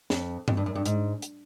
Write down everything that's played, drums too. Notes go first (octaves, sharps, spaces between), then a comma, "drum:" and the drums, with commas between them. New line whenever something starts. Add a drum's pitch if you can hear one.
F2, drum: snare
F2, drum: tom G2
G2
F#2
G2
G#2, drum: hi-hat
drum: hi-hat